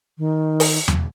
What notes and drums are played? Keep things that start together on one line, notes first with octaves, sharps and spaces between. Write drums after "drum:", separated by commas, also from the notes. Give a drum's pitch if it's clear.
D#3
drum: open hi-hat
drum: tom E2